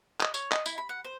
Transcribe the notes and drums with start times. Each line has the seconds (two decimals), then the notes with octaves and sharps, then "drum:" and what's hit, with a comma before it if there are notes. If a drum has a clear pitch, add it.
0.21 D#5, drum: clap
0.34 C#5, drum: tambourine
0.51 D#5, drum: clap
0.66 E4, drum: tambourine
0.78 B5
0.89 F#5
1.04 C5